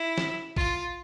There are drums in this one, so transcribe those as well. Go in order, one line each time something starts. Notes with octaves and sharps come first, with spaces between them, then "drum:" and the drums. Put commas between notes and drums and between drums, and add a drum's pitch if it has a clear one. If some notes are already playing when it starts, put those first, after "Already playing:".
Already playing: E4
drum: snare
F4, drum: kick A#1